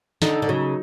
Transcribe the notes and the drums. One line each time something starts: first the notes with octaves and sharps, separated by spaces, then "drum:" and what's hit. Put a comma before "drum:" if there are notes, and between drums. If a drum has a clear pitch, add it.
D3 D#4, drum: snare
D3
C#3 F#3